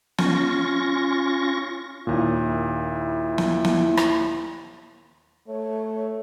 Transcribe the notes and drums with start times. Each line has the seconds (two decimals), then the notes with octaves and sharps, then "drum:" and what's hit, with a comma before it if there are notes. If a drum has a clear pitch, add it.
0.19 C#4 F4 C#6 A#6, drum: snare
2.07 D#2 A#2 E4
3.38 drum: snare
3.65 drum: snare
3.97 drum: rim click
5.48 A3 C#5